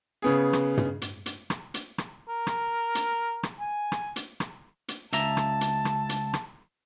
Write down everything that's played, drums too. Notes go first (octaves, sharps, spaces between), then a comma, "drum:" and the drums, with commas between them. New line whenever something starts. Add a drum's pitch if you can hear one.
C#3 B3 G#4
drum: rim click
drum: tom
drum: hi-hat
drum: hi-hat
drum: rim click
drum: hi-hat
drum: rim click
A#4
drum: rim click
drum: hi-hat
drum: rim click
G#5
drum: rim click
drum: hi-hat
drum: rim click
drum: hi-hat
C#2 E5 A5 A#5, drum: hi-hat
drum: rim click
drum: hi-hat
drum: rim click
drum: hi-hat
drum: rim click